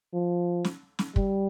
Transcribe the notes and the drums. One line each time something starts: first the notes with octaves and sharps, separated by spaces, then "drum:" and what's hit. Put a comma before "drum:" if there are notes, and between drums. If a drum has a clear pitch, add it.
F3
drum: snare
drum: snare
G3, drum: kick